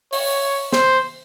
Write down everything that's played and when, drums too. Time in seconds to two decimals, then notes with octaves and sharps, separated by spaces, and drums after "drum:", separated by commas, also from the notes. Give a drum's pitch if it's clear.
0.13 C#5, drum: open hi-hat
0.73 C5, drum: snare